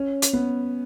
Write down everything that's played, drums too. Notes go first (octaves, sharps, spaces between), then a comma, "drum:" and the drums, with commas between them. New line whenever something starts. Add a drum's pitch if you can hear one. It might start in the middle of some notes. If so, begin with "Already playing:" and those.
Already playing: C#4
drum: hi-hat
B3